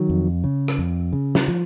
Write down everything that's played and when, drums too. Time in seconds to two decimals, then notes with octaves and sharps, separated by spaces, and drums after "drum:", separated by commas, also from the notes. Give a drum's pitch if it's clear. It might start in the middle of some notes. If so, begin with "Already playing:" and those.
Already playing: D#3 F#3
0.10 F2
0.44 C#3
0.68 drum: rim click
0.78 F2
1.13 C#3
1.35 drum: snare
1.48 F3